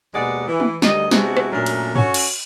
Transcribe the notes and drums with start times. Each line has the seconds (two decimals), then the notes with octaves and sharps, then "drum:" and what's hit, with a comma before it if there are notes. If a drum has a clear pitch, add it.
0.14 D#2 B2 G#3 G#4 D5 F#5
0.48 E3
0.60 drum: tom
0.82 D2 D#3 G3 D#5, drum: snare
1.11 C3 G#3 B3 D4 E4 F#4, drum: snare
1.37 drum: rim click
1.52 F#2 A#2 F#3 A3 D4 A#4
1.66 drum: cymbal
1.96 C#4 F#4 A4 C#5, drum: tom
2.14 drum: cymbal